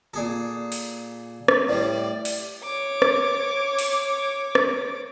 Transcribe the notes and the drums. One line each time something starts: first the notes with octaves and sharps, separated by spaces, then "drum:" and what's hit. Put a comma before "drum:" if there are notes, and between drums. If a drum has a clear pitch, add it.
A#2 G#4 A4
drum: open hi-hat
drum: rim click
A2 G3 D5
drum: open hi-hat
C#5 D6
drum: rim click
drum: open hi-hat
drum: rim click